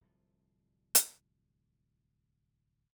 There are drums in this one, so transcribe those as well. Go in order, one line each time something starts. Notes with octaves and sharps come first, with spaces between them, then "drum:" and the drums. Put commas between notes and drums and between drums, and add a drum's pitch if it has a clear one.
D1 C2 F3
drum: hi-hat